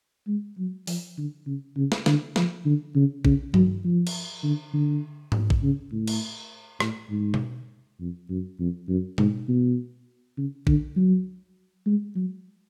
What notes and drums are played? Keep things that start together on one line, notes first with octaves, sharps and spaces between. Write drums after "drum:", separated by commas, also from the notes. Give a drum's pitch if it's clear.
G#3
F#3
F3, drum: open hi-hat
D3
C#3
C#3
drum: snare
D3, drum: snare
F3, drum: snare
D3
C#3
C#3, drum: kick
F#3, drum: tom G2
F3
drum: cymbal
D3
D3
drum: tom G#2
drum: kick
C#3
A2
drum: cymbal
A2, drum: rim click
G#2
drum: tom B2
F2
F#2
F2
F#2
G#2, drum: tom B2
B2
C#3
D3, drum: kick
F#3
G#3
F#3